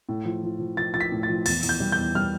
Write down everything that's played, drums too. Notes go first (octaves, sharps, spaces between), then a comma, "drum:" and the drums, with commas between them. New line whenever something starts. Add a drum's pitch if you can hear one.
A2
F3
F3
F3
F3 A6
F3 A6
B6
A2
A6
F3
E2 A6, drum: cymbal
E2, drum: cymbal
G6
G3
G6
E2
G3 F6